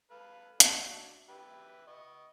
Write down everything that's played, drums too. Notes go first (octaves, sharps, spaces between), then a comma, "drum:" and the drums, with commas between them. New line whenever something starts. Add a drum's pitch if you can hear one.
A4 B4 F5
D4 F#4 E5, drum: hi-hat
G4 B4 E5
D#5 C#6